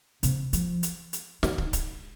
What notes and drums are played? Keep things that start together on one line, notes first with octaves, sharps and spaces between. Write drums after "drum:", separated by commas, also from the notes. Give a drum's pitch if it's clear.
C3, drum: hi-hat
F3, drum: hi-hat
drum: hi-hat
drum: hi-hat
D#3, drum: snare
drum: kick
drum: kick, hi-hat